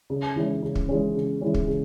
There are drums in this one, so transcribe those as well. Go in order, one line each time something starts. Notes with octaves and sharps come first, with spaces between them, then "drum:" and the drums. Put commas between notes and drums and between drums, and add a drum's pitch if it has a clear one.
C#3
E3 G#3 C#4
C#3
drum: kick
E3 G#3 C#4
C#3
E3 G#3 C#4
drum: kick
C#3